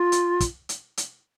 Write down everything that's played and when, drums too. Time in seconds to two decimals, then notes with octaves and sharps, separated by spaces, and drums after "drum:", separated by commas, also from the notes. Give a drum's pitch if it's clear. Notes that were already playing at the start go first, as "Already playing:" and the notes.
Already playing: F4
0.12 drum: hi-hat
0.40 drum: kick, hi-hat
0.69 drum: hi-hat
0.97 drum: hi-hat